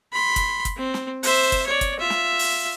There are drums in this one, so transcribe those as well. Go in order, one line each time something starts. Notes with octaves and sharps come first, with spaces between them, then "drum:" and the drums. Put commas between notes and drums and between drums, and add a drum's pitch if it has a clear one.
B5 C6
drum: kick G1, hi-hat
drum: kick G1, hi-hat
C4
drum: snare
C5 E5, drum: open hi-hat
drum: kick G1, hi-hat
C#5 D5
drum: kick G1, hi-hat
F4 E5
drum: snare
drum: open hi-hat